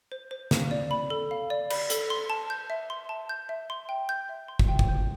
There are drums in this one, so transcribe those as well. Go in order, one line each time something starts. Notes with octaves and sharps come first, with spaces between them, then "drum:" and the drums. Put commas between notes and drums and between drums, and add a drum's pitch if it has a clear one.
C5
C5
F5, drum: snare
D5
B5
A4
F5
D5
B5, drum: cymbal
A4, drum: hi-hat
C6
A5
G6
E5
C6
A5
G6
E5
C6
G5
G6
E5
C6
drum: kick
G5
drum: kick
G6